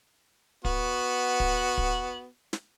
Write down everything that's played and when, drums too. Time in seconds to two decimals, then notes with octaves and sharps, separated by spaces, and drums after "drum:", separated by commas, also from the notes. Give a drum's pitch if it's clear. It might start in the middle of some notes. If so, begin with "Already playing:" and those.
0.65 B3 F#4, drum: kick
1.40 drum: kick
1.78 drum: kick
2.53 drum: snare